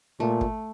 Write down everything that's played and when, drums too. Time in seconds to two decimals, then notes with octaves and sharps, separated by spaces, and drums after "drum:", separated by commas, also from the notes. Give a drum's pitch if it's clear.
0.20 A#2 A3
0.41 drum: kick